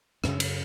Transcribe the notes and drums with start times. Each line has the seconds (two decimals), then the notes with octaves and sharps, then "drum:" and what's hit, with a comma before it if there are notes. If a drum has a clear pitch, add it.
0.24 F#2 C#3 C#4, drum: rim click
0.40 drum: cymbal